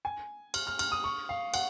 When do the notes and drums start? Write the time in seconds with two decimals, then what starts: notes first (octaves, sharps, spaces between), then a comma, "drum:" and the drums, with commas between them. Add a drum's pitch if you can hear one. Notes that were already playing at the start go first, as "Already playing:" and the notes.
0.05 G#5
0.54 F6, drum: cymbal
0.67 F6
0.79 F6, drum: cymbal
0.92 D#6
1.04 C#6
1.29 F5
1.54 F#5, drum: cymbal